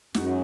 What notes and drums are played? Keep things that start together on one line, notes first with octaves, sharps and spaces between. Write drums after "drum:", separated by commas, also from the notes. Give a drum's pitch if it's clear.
F#2 G#3 D#4 F#4, drum: snare